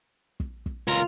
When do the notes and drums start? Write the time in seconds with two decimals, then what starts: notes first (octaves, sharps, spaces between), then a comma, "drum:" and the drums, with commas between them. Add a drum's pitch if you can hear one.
0.40 drum: kick
0.66 drum: kick
0.88 C#2 F4 A#4